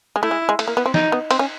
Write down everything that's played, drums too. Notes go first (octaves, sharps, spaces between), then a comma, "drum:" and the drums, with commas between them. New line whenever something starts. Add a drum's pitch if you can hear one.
G#3
A3 E4
G#3
G#3
A3, drum: cymbal
A#3
B3
C4
D#4, drum: snare
B3
C4, drum: cymbal
C#4